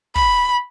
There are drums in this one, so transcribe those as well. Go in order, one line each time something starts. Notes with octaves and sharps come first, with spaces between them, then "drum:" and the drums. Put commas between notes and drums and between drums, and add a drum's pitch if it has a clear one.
B5, drum: kick